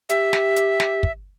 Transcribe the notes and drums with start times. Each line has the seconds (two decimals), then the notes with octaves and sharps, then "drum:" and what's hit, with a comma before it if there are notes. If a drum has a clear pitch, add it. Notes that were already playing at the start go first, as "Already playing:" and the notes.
0.09 G4 E5, drum: hi-hat
0.33 drum: snare
0.56 drum: hi-hat
0.80 drum: snare
1.03 drum: kick